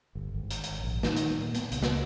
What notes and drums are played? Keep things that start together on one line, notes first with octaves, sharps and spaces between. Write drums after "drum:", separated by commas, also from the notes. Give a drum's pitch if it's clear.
G1
G#1
drum: hi-hat
drum: hi-hat
A#1
D#3, drum: snare
drum: hi-hat
A#2
B3, drum: hi-hat
C#2, drum: hi-hat
drum: snare